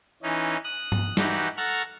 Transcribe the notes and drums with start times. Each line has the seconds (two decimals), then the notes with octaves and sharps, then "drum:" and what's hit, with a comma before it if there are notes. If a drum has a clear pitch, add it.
0.23 E3 C#4 D#4
0.64 D#6 F#6
0.92 drum: tom G2
1.17 E3 D#4 F#4 G4, drum: snare
1.57 A4 F#5 A#5 C#6 F6